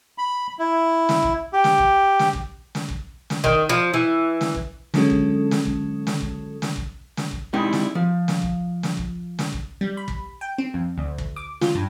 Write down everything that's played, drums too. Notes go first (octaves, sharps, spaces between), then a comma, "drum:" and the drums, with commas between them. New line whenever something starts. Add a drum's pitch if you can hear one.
B5
E4
drum: snare
drum: kick
G4
drum: snare
drum: kick
drum: snare
drum: kick
drum: snare
drum: kick
drum: snare
D#3, drum: kick
F3
E3
drum: snare
drum: kick
D3 F#3 G#3 C#4 F#4 A4, drum: snare
drum: kick
drum: snare
drum: kick
drum: snare
drum: kick
drum: snare
drum: kick
drum: snare
drum: kick
G3 G#3 C4 D#4 E4
drum: snare
F3
drum: snare
drum: kick
drum: snare
drum: kick
drum: snare
drum: kick
G3
B5
drum: kick
G5
C4
F2
D2
drum: kick
D6
F4, drum: snare
G2